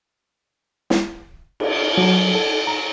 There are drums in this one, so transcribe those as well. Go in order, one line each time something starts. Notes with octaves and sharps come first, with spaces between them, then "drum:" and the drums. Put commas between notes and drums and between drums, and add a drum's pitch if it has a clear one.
drum: snare
drum: cymbal
F#3
A4
A#5